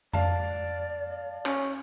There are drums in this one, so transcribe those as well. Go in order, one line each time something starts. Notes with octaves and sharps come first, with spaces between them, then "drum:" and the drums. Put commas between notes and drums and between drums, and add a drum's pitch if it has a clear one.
D5 F5 A5, drum: tom F2
C#4, drum: clap